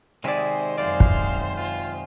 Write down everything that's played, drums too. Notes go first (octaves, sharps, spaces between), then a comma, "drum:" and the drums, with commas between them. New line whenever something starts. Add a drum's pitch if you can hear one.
C3 D#3 G#3 C5 D5 E5 G#5
F#2 C5 D5 F5
drum: kick
F4